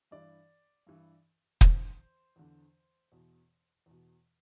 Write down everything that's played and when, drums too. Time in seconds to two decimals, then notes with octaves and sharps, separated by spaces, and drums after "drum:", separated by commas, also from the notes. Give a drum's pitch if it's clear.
0.11 G2 E3 D5
0.87 G2 E3
1.61 E2 D3 C5, drum: kick
2.36 E2 D3
3.12 E2 B2
3.86 E2 B2